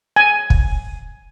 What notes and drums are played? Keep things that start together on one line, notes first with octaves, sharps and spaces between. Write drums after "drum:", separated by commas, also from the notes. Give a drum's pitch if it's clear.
G#5
drum: kick